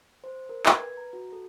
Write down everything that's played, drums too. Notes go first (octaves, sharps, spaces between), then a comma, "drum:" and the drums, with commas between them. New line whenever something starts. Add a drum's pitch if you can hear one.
C5
A#4
G#6, drum: clap
B4
A#5
F#4
A4